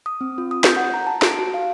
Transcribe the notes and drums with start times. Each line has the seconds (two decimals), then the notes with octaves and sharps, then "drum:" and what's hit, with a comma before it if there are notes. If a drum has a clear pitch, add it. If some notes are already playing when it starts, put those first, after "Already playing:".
0.06 D#6
0.21 C4
0.38 F4
0.51 D#6
0.64 G6, drum: snare
0.77 F#5
0.94 A#5
1.07 A5
1.22 D7, drum: snare
1.39 F#4
1.54 F5